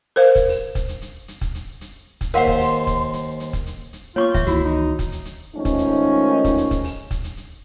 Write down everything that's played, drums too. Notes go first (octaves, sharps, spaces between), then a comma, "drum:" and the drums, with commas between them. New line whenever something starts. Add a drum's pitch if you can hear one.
A#4 C5 F5
drum: kick, hi-hat
drum: open hi-hat
drum: kick, hi-hat
drum: hi-hat
drum: hi-hat
drum: hi-hat
drum: kick, hi-hat
drum: hi-hat
drum: hi-hat
drum: kick, hi-hat
D#2 A#4 C5 F5 F#5 C6, drum: hi-hat
drum: kick
drum: open hi-hat
drum: kick, hi-hat
drum: hi-hat
drum: hi-hat
drum: kick, hi-hat
drum: hi-hat
drum: hi-hat
A#3 F4 C#5 C#6 D6
D1 E3 E5, drum: kick, hi-hat
C#2 D#3 E3 A#3 E4 F#4, drum: hi-hat
D#4
drum: kick, hi-hat
drum: hi-hat
drum: hi-hat
D#3 F3 G#3 A3 C#4 D#4
drum: kick, hi-hat
drum: hi-hat
drum: kick, hi-hat
drum: hi-hat
drum: kick, hi-hat
drum: open hi-hat
drum: kick, hi-hat
drum: hi-hat
drum: hi-hat